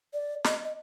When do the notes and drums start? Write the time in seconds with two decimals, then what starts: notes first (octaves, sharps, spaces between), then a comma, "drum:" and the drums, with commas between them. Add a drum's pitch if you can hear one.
0.14 D5
0.44 D#5, drum: snare
0.65 D#5